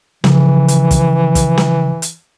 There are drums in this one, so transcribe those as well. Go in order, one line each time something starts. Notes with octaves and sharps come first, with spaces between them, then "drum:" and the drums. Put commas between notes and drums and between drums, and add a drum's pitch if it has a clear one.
C#3 E3 F3, drum: snare
drum: hi-hat
drum: kick, hi-hat
drum: kick, hi-hat
drum: snare
drum: hi-hat